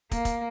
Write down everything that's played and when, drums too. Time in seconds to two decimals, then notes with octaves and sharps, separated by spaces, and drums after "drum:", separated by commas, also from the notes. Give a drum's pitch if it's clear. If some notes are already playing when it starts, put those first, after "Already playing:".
0.11 A#3, drum: kick, hi-hat
0.25 drum: kick, hi-hat